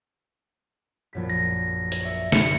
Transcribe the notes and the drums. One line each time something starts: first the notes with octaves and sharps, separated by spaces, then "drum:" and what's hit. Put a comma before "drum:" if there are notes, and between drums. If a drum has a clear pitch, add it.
A#1 F#2 B6
A#6
drum: hi-hat
C#5 D5 E5
C#7, drum: snare